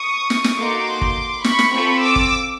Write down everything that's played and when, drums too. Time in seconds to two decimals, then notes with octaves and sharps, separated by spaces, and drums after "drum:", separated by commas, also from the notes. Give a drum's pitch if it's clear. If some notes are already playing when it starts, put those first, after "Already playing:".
Already playing: C#6 D#6
0.30 drum: snare
0.44 drum: snare
0.58 A#3 D#4 F#4 A4 C6 D6
1.01 drum: kick
1.44 B5 C#6, drum: snare
1.59 drum: snare
1.73 C4 F4 A4 B5 C#6
2.01 D6 E6
2.16 drum: kick